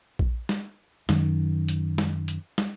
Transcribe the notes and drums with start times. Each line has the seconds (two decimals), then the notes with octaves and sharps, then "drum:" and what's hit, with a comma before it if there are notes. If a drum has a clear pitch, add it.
0.19 drum: kick A#1
0.49 drum: snare
1.09 F#2 D#3, drum: snare
1.68 drum: hi-hat
1.98 drum: snare
2.28 drum: hi-hat
2.58 drum: snare